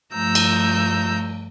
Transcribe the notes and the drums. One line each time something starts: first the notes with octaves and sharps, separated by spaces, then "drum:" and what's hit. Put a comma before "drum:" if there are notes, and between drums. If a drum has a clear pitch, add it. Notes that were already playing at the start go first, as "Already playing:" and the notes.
G2 F3 A3 A#5 E6 G6
drum: cymbal